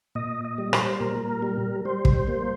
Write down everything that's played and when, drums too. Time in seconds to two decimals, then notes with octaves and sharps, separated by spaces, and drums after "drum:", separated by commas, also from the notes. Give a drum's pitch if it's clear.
0.15 A#2 D#5
0.45 D#5
0.58 G3
0.73 C5, drum: rim click
1.00 A#2 A#4
1.42 G3
1.85 G3 C5
2.05 drum: kick
2.28 A#3